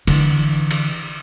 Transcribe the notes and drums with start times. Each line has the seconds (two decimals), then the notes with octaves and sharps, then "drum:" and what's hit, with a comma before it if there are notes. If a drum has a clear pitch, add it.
0.07 D3 E3, drum: cymbal
0.71 drum: cymbal